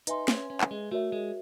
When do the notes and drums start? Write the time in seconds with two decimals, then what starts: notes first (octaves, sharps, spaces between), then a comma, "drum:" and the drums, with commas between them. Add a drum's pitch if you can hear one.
0.07 D#4 B4 E5 G#5 C6, drum: hi-hat
0.28 C#4, drum: snare
0.50 C#4
0.61 drum: clap
0.71 G#3
0.92 A3 F#4 A#4 C#5 E5
1.12 G#3